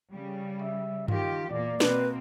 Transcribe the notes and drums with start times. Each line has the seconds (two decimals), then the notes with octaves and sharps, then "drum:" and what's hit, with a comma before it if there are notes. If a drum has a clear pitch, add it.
0.12 C#3 G3
0.62 E5
1.08 D#3 F4 G4, drum: tom G2
1.50 E2 A#2 A#3 D5
1.80 B2 A#3 C4 B4, drum: snare